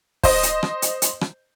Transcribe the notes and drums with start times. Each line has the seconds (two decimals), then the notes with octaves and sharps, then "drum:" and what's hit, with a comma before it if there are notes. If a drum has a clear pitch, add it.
0.23 C5 D#5, drum: kick, open hi-hat
0.43 drum: hi-hat
0.63 drum: rim click
0.82 drum: hi-hat
1.02 drum: hi-hat
1.21 drum: rim click